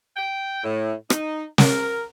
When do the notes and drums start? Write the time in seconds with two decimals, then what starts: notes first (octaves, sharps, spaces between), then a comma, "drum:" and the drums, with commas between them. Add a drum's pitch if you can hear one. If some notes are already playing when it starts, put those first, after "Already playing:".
0.16 G5
0.64 A2
1.10 D#4, drum: rim click
1.58 A#4, drum: snare